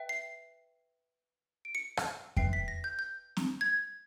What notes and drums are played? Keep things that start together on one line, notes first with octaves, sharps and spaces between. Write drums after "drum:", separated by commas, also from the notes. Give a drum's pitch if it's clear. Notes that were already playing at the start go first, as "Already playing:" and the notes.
Already playing: B4 E5 G5
C7
D7
C#7
drum: rim click
B4 E5 G5 C7, drum: kick F2
B6
A#6
G6
G6
drum: snare
G#6